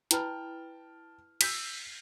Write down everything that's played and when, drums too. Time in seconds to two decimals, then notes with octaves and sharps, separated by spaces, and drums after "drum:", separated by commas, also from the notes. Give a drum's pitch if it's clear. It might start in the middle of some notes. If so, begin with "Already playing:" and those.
0.11 E4 B4 G5 A5 B5 F6, drum: hi-hat
1.41 E6 G6 B6, drum: cymbal